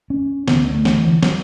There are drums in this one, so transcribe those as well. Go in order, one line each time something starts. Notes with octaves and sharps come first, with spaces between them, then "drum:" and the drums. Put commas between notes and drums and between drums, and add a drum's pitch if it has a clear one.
C#4
D2 D3 B3, drum: snare
A3
drum: snare
E3
F#3, drum: snare